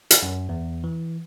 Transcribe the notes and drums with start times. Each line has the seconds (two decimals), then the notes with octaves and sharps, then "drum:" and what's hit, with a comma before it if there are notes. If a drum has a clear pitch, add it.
0.11 drum: hi-hat
0.23 F#2
0.49 E2
0.84 E3